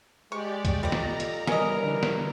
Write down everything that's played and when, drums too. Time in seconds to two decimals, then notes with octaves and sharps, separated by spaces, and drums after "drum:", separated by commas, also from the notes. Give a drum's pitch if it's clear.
0.32 G#3 G4 D5 C#6
0.65 drum: kick C#2, hi-hat
0.83 G3 F4 A4 D5 D#5 A#5
0.92 drum: snare
1.20 drum: hi-hat
1.47 C#2 C3 G3 C#4 A#4 D#5, drum: snare
1.81 D3 E3
2.03 drum: snare